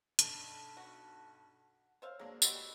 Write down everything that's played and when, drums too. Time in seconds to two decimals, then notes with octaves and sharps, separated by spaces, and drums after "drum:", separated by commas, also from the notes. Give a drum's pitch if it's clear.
0.19 B1 G2 A5, drum: hi-hat
0.77 F#4
2.02 C5 C#5 E5 F5
2.19 F#3 G#3 A#3 D4
2.42 G#3 F#4 G4 B4 E6, drum: tambourine